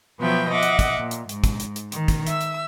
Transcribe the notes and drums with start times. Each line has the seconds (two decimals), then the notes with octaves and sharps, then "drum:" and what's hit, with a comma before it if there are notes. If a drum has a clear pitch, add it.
0.19 B2 F3 F#3 B3 E5 G5
0.50 D#5 E5 F#5 D6
0.63 drum: hi-hat
0.79 drum: kick, hi-hat
0.98 A#2
1.11 drum: hi-hat
1.29 G#2, drum: hi-hat
1.44 drum: kick, hi-hat
1.60 drum: hi-hat
1.76 drum: hi-hat
1.92 D#3, drum: hi-hat
2.08 drum: kick, hi-hat
2.27 E5 E6, drum: hi-hat
2.41 drum: hi-hat